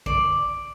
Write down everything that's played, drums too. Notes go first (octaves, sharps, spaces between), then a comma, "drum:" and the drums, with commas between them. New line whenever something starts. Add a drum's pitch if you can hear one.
D5, drum: kick